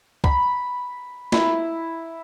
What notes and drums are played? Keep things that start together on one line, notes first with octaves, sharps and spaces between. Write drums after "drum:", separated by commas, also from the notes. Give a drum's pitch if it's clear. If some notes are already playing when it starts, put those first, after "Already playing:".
B5, drum: kick C2
E4, drum: snare